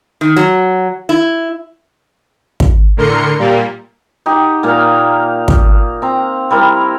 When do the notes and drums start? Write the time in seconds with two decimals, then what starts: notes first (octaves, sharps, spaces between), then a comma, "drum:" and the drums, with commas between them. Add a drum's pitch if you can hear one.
0.21 D#3
0.36 F#3
1.09 E4
2.60 drum: kick
2.97 A2 D3 A#4 C6 C#7
3.39 A#2 G3 A#3
4.26 D#4 G4 F#5
4.63 A#2 A#3 F5
5.48 drum: kick
6.02 C4 A#5
6.51 G3 E4 A#4